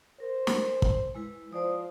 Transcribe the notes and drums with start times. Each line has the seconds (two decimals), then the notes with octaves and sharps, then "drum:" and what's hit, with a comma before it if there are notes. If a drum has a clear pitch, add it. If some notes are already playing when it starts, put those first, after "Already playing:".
0.20 A#4 C5
0.47 drum: snare
0.82 drum: kick
1.15 G#3 E4 B4
1.53 F3 C5 D5 D#6